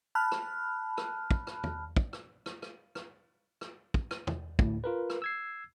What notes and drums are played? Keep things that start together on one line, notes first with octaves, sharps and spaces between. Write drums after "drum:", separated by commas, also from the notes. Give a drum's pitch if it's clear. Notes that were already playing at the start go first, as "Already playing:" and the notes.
A5 B5 F6 F#6
drum: rim click
drum: rim click
drum: kick
drum: rim click
drum: tom
drum: kick
drum: rim click
drum: rim click
drum: rim click
drum: rim click
drum: rim click
drum: kick
drum: rim click
drum: tom
D2 A2, drum: kick
F4 A#4 B4
drum: rim click
E6 G#6 C7